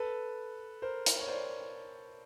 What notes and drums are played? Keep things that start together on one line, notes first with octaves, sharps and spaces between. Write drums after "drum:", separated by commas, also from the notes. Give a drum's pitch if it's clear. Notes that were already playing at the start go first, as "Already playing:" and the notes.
Already playing: A4 B4
A#4 C5
drum: hi-hat
C#5
C5 D5